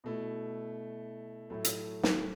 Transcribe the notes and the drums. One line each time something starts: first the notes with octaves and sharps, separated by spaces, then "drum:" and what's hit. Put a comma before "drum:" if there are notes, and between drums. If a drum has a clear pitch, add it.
B2 A3 E4
A2 F#3 A3
drum: hi-hat
drum: snare